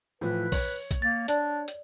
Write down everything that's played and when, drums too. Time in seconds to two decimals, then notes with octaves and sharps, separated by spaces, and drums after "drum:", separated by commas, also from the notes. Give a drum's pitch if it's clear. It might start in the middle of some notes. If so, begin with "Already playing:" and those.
0.21 A2 E3 F3 B4
0.52 C#5, drum: kick A#1, open hi-hat
0.91 drum: kick A#1, hi-hat
1.02 A#3 A6
1.28 D4 D5, drum: hi-hat
1.68 drum: hi-hat